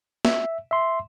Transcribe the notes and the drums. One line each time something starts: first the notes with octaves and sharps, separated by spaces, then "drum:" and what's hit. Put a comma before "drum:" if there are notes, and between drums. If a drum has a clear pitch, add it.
E5, drum: snare
E5 C6